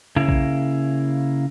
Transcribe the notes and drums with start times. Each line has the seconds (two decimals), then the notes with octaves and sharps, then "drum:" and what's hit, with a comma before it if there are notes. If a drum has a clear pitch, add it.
0.16 C#3 A#3 E4
0.28 drum: kick A#1